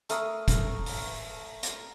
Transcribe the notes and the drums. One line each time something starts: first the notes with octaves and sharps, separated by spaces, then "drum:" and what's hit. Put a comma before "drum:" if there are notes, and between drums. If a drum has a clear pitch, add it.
A3 A#4 D#6, drum: hi-hat
drum: kick, hi-hat
drum: open hi-hat
drum: hi-hat